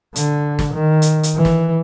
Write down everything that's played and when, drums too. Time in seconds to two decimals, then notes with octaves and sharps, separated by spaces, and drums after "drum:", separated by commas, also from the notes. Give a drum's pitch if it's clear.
0.16 D3, drum: hi-hat
0.59 drum: snare
0.74 D#3
1.02 drum: hi-hat
1.23 drum: hi-hat
1.36 E3
1.45 drum: snare